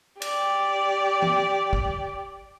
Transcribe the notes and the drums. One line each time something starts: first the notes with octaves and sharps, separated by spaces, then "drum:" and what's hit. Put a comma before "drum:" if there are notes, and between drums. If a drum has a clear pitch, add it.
G4 D5, drum: cymbal
drum: tom E3
drum: kick